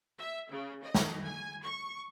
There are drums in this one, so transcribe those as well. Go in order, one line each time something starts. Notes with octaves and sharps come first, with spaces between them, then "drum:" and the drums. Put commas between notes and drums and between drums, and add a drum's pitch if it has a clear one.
E5
C#3
D#5
drum: snare
G#5
C#6